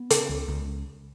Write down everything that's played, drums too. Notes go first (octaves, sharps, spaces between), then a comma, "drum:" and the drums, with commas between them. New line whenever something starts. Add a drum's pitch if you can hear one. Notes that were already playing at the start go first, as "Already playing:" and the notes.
Already playing: B3
C#3, drum: hi-hat
C#2
C#2